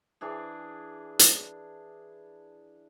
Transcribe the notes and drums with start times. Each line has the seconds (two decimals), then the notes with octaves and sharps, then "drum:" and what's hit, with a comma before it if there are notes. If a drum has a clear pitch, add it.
0.21 E3 D4 G#4
1.19 drum: hi-hat